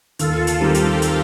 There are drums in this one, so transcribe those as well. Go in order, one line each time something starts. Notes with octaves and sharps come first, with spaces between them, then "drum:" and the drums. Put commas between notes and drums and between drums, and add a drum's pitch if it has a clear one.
D#2 F4 A4, drum: hi-hat
drum: hi-hat
D#3 G3 C4 G4 A#4
drum: hi-hat
drum: hi-hat